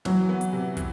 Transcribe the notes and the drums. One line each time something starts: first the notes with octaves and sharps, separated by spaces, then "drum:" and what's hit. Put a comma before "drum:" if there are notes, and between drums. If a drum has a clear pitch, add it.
E3 F#3, drum: snare
B3
drum: hi-hat
C3
E3, drum: kick, hi-hat